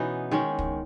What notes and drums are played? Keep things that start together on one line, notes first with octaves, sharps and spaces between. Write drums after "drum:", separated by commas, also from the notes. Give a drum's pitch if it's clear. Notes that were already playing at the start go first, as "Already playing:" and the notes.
Already playing: B2 E3 B3 C#4 D#4
D#3 G#3 C#4
drum: kick